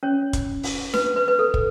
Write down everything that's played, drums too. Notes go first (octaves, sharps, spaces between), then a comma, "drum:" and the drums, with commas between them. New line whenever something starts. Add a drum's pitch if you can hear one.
C#4 C#5
drum: kick, hi-hat
drum: open hi-hat
B4, drum: snare D4
B4
B4
A4
drum: kick